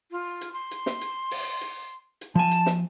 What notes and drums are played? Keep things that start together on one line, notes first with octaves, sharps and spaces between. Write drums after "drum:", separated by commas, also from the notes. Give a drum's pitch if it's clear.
F4
drum: hi-hat
C6
drum: hi-hat
drum: snare
drum: hi-hat
drum: open hi-hat
drum: hi-hat
drum: hi-hat
F3 G#5 A5
drum: hi-hat
drum: snare